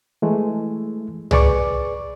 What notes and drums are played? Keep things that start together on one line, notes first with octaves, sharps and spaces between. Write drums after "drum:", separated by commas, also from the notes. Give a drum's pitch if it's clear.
E3 G#3 A3
G#4 B4 D5 C#6 D6, drum: tom C2